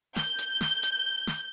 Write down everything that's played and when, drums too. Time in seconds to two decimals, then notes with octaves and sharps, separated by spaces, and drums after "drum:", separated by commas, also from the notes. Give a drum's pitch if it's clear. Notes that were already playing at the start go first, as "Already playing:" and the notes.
0.16 G6, drum: snare
0.38 drum: hi-hat
0.61 drum: snare
0.83 drum: hi-hat
1.27 drum: snare